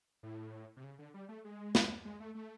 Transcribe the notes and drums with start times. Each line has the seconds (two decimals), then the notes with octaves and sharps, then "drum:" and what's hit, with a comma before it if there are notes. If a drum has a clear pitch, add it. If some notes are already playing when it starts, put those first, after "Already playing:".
0.23 A2
0.77 C3
0.84 C#3
0.99 D3
1.14 G3
1.29 A3
1.44 G#3
1.75 drum: snare
2.05 G#3
2.20 A3
2.35 A3